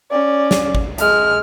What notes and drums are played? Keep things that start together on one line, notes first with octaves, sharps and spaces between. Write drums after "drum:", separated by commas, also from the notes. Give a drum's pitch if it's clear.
C#4 D5
drum: snare
drum: kick G#1
G#3 F6, drum: hi-hat